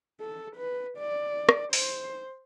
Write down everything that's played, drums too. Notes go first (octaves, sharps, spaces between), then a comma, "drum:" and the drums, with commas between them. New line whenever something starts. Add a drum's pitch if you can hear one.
A4
B4
D5
drum: rim click
C5, drum: open hi-hat